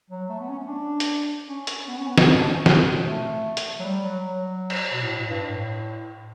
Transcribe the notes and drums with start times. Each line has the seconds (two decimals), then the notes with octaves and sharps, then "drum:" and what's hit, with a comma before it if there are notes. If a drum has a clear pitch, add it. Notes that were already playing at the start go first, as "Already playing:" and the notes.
0.10 F#3
0.29 A3
0.40 B3
0.49 C#4
0.59 C#4
0.69 D4
1.00 drum: hi-hat
1.48 C#4
1.67 C#4, drum: hi-hat
1.88 B3
1.97 C#4
2.07 B3
2.18 B3, drum: snare
2.27 C#4
2.37 D4
2.47 C#4
2.66 B2, drum: snare
2.76 B2
2.87 A2
2.96 B2
3.06 A3
3.57 drum: hi-hat
3.79 F#3
3.85 G3
4.04 F#3
4.24 F#3
4.70 drum: cymbal
4.92 B2
5.04 A2
5.16 A2
5.30 G2
5.43 A2